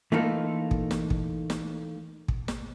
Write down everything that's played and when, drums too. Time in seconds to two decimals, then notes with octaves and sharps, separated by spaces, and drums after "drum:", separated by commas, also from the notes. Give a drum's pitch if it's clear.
0.12 E3 A3 A#3 D#4 F4 A4
0.71 drum: kick
0.91 drum: snare
1.10 drum: kick
1.50 drum: snare
2.28 drum: kick
2.48 drum: snare